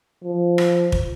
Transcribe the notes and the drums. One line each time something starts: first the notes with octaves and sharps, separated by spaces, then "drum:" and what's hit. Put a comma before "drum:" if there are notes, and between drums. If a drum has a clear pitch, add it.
F3
drum: rim click
drum: kick